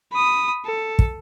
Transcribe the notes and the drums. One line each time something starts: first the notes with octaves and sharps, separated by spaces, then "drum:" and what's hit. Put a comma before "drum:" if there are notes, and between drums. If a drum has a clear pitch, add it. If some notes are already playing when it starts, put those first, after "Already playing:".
B5 D#6
A4
drum: kick